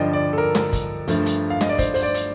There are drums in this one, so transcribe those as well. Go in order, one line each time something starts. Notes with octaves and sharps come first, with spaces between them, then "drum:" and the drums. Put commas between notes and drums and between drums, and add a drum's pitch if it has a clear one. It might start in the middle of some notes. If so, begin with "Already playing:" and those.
Already playing: G2 D3 F3 D5 D#5 G5
D5
A4
A#4
drum: snare
drum: kick, hi-hat
G2 F3 A3, drum: hi-hat
drum: hi-hat
F5
D#5, drum: snare
D5
C5, drum: kick, hi-hat
C5, drum: open hi-hat
D5
drum: hi-hat